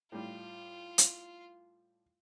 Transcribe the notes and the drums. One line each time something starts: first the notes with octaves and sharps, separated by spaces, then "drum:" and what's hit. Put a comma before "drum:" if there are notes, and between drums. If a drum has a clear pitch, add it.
A2 G3 F4
drum: hi-hat